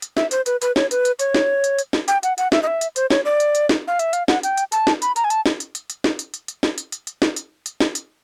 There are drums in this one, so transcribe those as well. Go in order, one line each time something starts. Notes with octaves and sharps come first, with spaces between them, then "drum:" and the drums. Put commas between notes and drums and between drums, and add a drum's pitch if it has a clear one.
drum: hi-hat
E5, drum: snare
C5, drum: hi-hat
B4, drum: hi-hat
B4, drum: hi-hat
C#5, drum: snare
B4, drum: hi-hat
drum: hi-hat
C#5, drum: hi-hat
drum: snare
drum: hi-hat
drum: hi-hat
drum: snare
G5, drum: hi-hat
F#5, drum: hi-hat
F#5, drum: hi-hat
E5, drum: snare
D#5
E5
drum: hi-hat
C5, drum: hi-hat
C#5, drum: snare
D5
drum: hi-hat
drum: hi-hat
drum: snare
F5
E5, drum: hi-hat
F5, drum: hi-hat
F#5, drum: snare
G5, drum: hi-hat
drum: hi-hat
A5, drum: hi-hat
drum: snare
B5, drum: hi-hat
A#5, drum: hi-hat
G#5
A5, drum: hi-hat
drum: snare
drum: hi-hat
drum: hi-hat
drum: hi-hat
drum: snare
drum: hi-hat
drum: hi-hat
drum: hi-hat
drum: snare
drum: hi-hat
drum: hi-hat
drum: hi-hat
drum: snare
drum: hi-hat
drum: hi-hat
drum: snare
drum: hi-hat